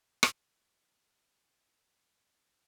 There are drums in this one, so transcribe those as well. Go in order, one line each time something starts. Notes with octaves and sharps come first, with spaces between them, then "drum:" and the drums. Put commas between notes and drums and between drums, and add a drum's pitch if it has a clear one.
drum: rim click
G#5 F6 F#6
F#3 D4 A#5 C6 F#6 G#6
C3 A#3 F#5 B5 D#6
A#2
A3 D#4 B4 C5